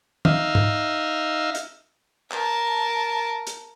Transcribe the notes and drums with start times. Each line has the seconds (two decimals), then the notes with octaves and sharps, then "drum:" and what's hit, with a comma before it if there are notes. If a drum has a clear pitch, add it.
0.25 D#4 E5 F5, drum: tom
0.55 drum: tom
1.55 drum: hi-hat
2.32 A#4 A5, drum: clap
3.47 drum: hi-hat